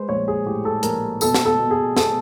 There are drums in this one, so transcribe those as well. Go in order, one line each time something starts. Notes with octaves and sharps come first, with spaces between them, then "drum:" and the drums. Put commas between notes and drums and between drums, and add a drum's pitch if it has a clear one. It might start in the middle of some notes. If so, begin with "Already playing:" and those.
Already playing: G#3 B4 C5
A#1 C#5
G#4
A2 G4
A4
A#1 A#4, drum: hi-hat
B2 A4, drum: tambourine
drum: snare
A4
B2
G#4
A4, drum: snare